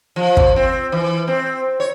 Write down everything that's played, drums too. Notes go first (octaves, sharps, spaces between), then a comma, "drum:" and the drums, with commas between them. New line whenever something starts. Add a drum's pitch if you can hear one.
F3
drum: kick
C4
E3
C4
C#5